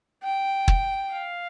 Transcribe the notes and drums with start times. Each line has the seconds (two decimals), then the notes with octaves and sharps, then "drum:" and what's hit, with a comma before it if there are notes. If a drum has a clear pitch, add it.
0.23 G5
0.68 drum: kick
1.12 F5